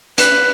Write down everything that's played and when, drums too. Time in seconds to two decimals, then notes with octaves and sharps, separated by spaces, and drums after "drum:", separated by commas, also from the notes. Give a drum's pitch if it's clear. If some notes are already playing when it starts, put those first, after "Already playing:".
0.18 B4, drum: hi-hat